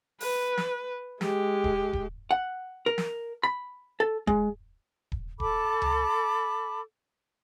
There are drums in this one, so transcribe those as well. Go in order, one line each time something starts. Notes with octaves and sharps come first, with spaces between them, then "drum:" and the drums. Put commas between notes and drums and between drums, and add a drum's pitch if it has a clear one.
B4, drum: open hi-hat
drum: snare
G#3 G4, drum: snare
drum: kick D#1
drum: kick D#1
F#5
A#4
drum: snare
B5
A4
G#3, drum: kick D#1
drum: kick D#1
A4 A5 B5 D6, drum: kick D#1
drum: tom C#2